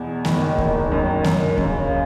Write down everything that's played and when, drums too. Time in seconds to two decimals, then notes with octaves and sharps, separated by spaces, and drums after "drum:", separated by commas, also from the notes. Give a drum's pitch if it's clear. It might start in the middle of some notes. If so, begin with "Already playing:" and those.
Already playing: E2 B2
0.25 F#1 D#3, drum: snare A3
0.58 F#1, drum: kick C#2
0.92 F#2
1.25 F#2, drum: snare A3
1.57 F#2 C#3, drum: kick C#2